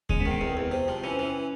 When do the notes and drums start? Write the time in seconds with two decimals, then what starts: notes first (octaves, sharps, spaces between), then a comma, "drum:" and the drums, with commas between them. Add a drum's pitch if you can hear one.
0.09 G#3 C#4, drum: kick D2
0.20 B3
0.26 D#3
0.31 C4
0.41 E2
0.57 E2
0.72 C3
0.88 F3
1.04 E3 C#4
1.19 E3